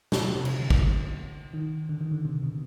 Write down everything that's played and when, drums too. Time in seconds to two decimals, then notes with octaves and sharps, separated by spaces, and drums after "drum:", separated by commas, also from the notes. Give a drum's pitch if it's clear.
0.12 B2, drum: snare
0.35 C3
0.45 drum: cymbal
0.59 D3
0.70 drum: kick
1.53 D#3
1.89 D3
2.01 D#3
2.12 D3
2.25 C3
2.43 B2